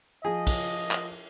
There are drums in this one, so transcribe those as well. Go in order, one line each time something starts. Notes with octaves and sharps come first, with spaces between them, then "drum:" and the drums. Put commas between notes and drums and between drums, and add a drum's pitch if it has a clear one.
F3 G#4 D#5
drum: kick, cymbal
drum: clap